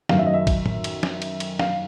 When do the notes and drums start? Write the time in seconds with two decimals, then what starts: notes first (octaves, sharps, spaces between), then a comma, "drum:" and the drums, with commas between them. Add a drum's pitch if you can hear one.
0.09 F#2 D#3 F#3 F5, drum: snare
0.18 E5
0.26 D#5
0.34 E5
0.47 drum: kick, cymbal
0.66 drum: tom
0.84 drum: cymbal
1.03 drum: snare
1.22 drum: cymbal
1.40 drum: cymbal
1.59 F5, drum: snare